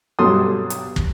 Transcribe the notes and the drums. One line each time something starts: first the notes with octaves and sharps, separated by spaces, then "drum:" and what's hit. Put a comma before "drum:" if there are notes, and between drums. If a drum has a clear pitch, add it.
G2 B2 F#3 A4 C6 D#6
drum: hi-hat
drum: kick